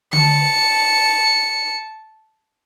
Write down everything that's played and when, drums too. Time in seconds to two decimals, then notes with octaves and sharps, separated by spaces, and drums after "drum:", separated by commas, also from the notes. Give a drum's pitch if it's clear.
0.13 A5 C#7, drum: tom D3